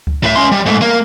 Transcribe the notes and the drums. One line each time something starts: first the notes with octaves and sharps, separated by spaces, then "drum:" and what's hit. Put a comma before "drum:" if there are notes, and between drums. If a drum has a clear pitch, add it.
drum: kick C#2
A2 E5
C#4 C6
G3
G#2 A3
A#3